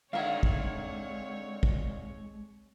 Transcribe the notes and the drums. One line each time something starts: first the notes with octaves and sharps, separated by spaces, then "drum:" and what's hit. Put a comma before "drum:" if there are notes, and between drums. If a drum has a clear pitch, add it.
A#2 D3 D#3 G#3 C4 C#5 E5 F5
drum: kick
drum: kick